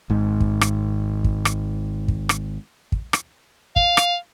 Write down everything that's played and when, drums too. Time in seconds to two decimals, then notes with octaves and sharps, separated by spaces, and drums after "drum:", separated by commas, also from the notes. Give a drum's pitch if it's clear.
0.10 G#1 G#2
0.40 drum: kick
0.61 drum: rim click
1.24 drum: kick
1.45 drum: rim click
2.08 drum: kick
2.29 drum: rim click
2.92 drum: kick
3.13 drum: rim click
3.76 F5, drum: kick
3.97 drum: rim click